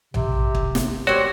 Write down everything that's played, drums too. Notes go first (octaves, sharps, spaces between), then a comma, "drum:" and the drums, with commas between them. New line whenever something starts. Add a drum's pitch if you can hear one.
C3, drum: tom A#1
drum: kick
drum: snare
C4 F#4 G4 C#5